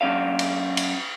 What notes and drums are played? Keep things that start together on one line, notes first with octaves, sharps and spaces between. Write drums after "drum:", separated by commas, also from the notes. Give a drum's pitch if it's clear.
F#3 C#4 D5 F5
drum: cymbal
drum: cymbal